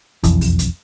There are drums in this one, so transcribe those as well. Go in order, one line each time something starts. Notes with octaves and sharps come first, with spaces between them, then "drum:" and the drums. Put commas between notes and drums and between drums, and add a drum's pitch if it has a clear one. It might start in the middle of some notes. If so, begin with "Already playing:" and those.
E1 B1 F2 E3, drum: kick, hi-hat
drum: open hi-hat
drum: hi-hat